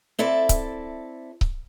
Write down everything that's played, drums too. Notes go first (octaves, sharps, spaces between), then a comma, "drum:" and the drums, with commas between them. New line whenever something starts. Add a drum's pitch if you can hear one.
C4 E4 A4 D5
drum: kick C#1, hi-hat
drum: kick C#1